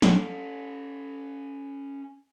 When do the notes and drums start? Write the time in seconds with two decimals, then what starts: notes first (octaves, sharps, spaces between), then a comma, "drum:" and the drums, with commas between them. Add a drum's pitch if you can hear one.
0.02 C#4 A4, drum: snare